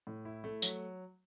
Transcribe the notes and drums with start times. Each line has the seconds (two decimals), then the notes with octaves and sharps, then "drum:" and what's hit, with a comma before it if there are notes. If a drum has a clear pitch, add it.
0.07 A2
0.25 E4
0.44 A3
0.62 F#3, drum: tambourine